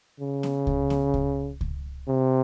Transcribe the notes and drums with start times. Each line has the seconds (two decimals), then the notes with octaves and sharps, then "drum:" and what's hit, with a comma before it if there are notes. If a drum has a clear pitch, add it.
0.20 C#3
0.43 drum: snare B3
0.67 drum: kick C#2
0.90 drum: snare B3
1.14 drum: kick C#2
1.61 drum: kick C#2
2.08 C3